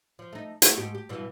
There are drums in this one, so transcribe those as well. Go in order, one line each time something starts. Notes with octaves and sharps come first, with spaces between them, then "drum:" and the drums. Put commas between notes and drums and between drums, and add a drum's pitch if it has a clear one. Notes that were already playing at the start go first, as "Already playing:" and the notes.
F3
A3 D#4
A3 B3, drum: hi-hat
G#2 G4
G4
G2 B2 E3